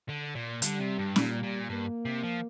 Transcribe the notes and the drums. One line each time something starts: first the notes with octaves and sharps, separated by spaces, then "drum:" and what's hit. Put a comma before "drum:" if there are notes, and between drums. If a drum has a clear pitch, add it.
D3
A#2
D3 G3, drum: hi-hat
C3
G2
A#2 G3, drum: snare C#4
A#2
G2 A#3
C3
F3